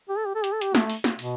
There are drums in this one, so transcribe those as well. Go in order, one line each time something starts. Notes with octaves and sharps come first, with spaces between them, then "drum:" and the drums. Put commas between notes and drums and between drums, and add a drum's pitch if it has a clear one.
G4
A4
G4
A4
G4, drum: hi-hat
A4
G4, drum: hi-hat
A3, drum: snare
drum: open hi-hat
drum: snare
B2, drum: open hi-hat